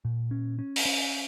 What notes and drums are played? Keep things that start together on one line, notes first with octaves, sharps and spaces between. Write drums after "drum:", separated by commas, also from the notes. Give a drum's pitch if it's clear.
A#2
C#4
C#4
drum: open hi-hat
C#4